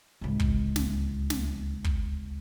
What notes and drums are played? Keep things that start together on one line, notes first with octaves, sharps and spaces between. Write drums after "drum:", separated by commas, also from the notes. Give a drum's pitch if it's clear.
D1 C#2
drum: kick
drum: snare
drum: snare
drum: kick